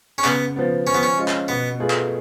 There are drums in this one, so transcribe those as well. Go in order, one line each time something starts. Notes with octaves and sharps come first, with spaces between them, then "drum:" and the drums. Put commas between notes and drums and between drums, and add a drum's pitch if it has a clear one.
C#4
C#3 B3, drum: clap
F3 B3
F3 C#4
B3
C#4
G#3 C#4 F4
drum: clap
B2 B3
A3 F4 G#4 B4
drum: clap